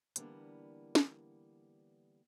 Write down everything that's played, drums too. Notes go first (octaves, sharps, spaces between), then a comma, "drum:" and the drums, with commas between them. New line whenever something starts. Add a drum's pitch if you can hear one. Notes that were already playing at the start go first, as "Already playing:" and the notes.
D3 E3 G3 A#3 B3 D4, drum: hi-hat
drum: snare